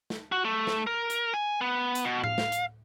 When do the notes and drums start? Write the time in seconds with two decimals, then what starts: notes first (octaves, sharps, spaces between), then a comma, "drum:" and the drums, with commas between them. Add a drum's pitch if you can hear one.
0.10 drum: snare
0.32 F#4
0.45 A3
0.67 drum: snare
0.87 A#4
1.10 drum: hi-hat
1.34 G#5
1.61 B3
1.95 drum: hi-hat
2.05 B2
2.24 F5, drum: tom A2
2.38 drum: snare
2.52 drum: hi-hat